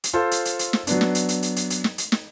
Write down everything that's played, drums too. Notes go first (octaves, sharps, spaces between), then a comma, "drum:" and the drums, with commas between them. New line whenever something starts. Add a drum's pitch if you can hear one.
drum: hi-hat
F4 A4 C5
drum: hi-hat
drum: hi-hat
drum: hi-hat
drum: snare
F#3 B3 D4, drum: hi-hat
drum: snare
drum: hi-hat
drum: hi-hat
drum: hi-hat
drum: hi-hat
drum: hi-hat
drum: snare
drum: hi-hat
drum: snare